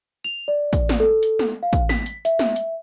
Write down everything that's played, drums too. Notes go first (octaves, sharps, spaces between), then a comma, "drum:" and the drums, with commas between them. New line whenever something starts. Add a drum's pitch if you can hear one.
F7
D5
drum: kick, hi-hat
drum: snare
A4
drum: hi-hat
drum: snare
F5
drum: kick, hi-hat
B6, drum: snare
drum: hi-hat
E5, drum: hi-hat
drum: snare
drum: hi-hat